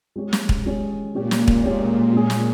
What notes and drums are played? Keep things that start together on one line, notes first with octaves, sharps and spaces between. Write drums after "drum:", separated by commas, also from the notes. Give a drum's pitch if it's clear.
G#3 C#4 G4 C#5
drum: snare
drum: kick
G#3 C#4 G4 C#5
A#2 G#3 C#4 G4 C#5
drum: snare
drum: kick
A#2 G#3 C#4 G4 C#5
G#3 C#4 G#4
drum: snare